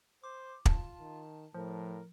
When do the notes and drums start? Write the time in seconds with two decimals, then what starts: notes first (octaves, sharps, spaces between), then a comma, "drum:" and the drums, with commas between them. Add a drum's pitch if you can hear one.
0.24 C5 D6
0.66 F4 A5, drum: kick
0.99 D#3
1.54 A2 F3 A#4